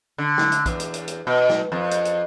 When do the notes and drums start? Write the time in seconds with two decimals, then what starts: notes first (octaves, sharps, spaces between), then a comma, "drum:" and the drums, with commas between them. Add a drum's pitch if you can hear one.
0.18 D3
0.38 drum: snare
0.52 drum: hi-hat
0.66 E2, drum: kick, hi-hat
0.80 drum: hi-hat
0.94 drum: hi-hat
1.08 drum: hi-hat
1.27 B2
1.49 drum: snare
1.72 F2
1.91 drum: hi-hat
2.05 drum: hi-hat